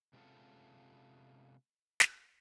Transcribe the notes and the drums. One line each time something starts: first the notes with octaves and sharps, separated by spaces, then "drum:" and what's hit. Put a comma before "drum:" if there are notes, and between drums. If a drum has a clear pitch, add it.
C3 G#3 B3 C#4 F4 A4
drum: snare